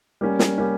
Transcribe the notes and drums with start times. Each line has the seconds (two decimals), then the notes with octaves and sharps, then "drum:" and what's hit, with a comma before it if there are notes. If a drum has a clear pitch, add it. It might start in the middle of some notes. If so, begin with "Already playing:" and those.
0.21 G3 A#3 C#4
0.39 drum: snare
0.58 G3 A#3 C#4